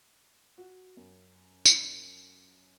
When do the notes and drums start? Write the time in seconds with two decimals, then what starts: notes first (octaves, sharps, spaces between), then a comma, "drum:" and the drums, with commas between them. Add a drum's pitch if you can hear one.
0.58 F#4
0.97 F#2
1.65 drum: tambourine